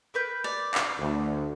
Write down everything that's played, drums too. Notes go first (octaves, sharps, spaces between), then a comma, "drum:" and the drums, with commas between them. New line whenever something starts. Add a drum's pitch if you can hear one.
A#4 B4 G6
D5
drum: clap
D2